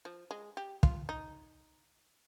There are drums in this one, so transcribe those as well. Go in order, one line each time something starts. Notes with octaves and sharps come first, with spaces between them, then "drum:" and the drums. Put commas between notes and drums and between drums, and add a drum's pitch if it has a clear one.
F3
G#3
G4
F4, drum: kick
D#4